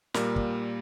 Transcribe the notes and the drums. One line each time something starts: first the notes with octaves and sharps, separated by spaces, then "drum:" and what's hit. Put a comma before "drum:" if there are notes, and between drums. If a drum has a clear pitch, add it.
A#2 G3 A#3 A#4, drum: snare
drum: kick